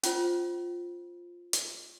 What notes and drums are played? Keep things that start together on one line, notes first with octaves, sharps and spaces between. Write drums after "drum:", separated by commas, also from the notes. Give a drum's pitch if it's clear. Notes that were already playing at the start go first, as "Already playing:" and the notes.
C#4 F4 C5, drum: hi-hat
drum: hi-hat